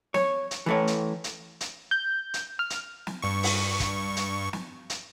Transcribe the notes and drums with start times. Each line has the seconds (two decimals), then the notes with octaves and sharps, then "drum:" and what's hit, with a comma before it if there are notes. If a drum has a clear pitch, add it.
0.14 C#5, drum: snare
0.51 drum: hi-hat
0.66 E3 A3 C#5
0.87 drum: hi-hat
1.24 drum: hi-hat
1.61 drum: hi-hat
1.91 G6
2.34 drum: hi-hat
2.59 F6
2.70 drum: hi-hat
3.07 drum: snare
3.22 G2 C#6
3.43 drum: open hi-hat
3.80 drum: kick, hi-hat
4.16 drum: hi-hat
4.53 drum: snare
4.90 drum: hi-hat